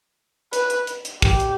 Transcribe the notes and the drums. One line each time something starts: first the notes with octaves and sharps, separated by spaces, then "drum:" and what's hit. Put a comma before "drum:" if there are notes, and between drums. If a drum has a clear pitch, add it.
B4, drum: hi-hat
drum: hi-hat
drum: hi-hat
drum: hi-hat
G4, drum: kick, open hi-hat
drum: hi-hat